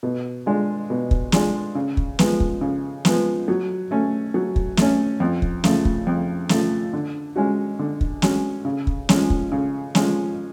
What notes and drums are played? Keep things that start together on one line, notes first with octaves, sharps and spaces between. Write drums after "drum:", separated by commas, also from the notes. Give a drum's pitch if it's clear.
B2
G#3 D4 F4 G#4
B2
drum: kick
G#3 D4 F4 G#4, drum: snare
C#3
drum: kick
F3 G#3 B3, drum: snare
drum: kick
C#3
F3 G#3 B3, drum: snare
F#3
A3 C#4
F#3
drum: kick
A3 C#4, drum: snare
F2
drum: kick
C#3 F3 A3, drum: snare
drum: kick
F2
C#3 F3 A3, drum: snare
D3
G#3 C#4 F#4
D3
drum: kick
G#3 C#4 F#4, drum: snare
C#3
drum: kick
F3 G#3 C#4, drum: snare
drum: kick
C#3
F3 G#3 C#4, drum: snare